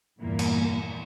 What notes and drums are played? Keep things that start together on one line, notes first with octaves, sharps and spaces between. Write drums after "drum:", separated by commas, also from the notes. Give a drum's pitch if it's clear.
E2 G2 A#2 A#3
drum: cymbal